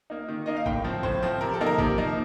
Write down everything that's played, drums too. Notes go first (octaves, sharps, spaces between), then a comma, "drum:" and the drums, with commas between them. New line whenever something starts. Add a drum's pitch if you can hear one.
A#3 D#4
D#3
A#3 D#4 D#5
F5
A2 G5, drum: kick
F3 C4
A2 C5, drum: kick
F3 C4
C3 A#4
A4
F3 A#3 D#4
A#4
C3, drum: kick
F3 A#3 D#4